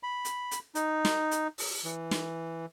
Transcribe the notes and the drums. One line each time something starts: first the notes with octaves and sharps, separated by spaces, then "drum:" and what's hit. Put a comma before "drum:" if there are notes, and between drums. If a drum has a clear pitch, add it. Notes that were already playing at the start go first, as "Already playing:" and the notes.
B5
drum: hi-hat
drum: hi-hat
D#4, drum: hi-hat
drum: snare
drum: hi-hat
drum: open hi-hat
E3
drum: snare